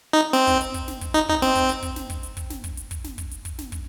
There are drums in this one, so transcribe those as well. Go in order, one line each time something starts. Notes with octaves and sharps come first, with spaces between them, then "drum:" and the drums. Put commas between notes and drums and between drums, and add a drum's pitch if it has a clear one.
D#4
C4, drum: snare
drum: kick, hi-hat
drum: hi-hat
drum: kick, hi-hat
drum: snare
drum: kick, hi-hat
D#4, drum: hi-hat
D#4, drum: kick
C4, drum: snare
drum: kick, hi-hat
drum: hi-hat
drum: kick, hi-hat
drum: snare
drum: kick, hi-hat
drum: hi-hat
drum: kick, hi-hat
drum: snare
drum: kick, hi-hat
drum: hi-hat
drum: kick, hi-hat
drum: snare
drum: kick, hi-hat
drum: hi-hat
drum: kick, hi-hat
drum: snare
drum: kick, hi-hat